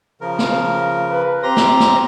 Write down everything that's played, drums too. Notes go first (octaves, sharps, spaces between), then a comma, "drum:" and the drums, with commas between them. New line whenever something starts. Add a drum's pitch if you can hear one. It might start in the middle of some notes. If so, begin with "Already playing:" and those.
C#3 F3 A#4
drum: snare
B4
C4 G4 A#5 C6 A#6
drum: snare
drum: snare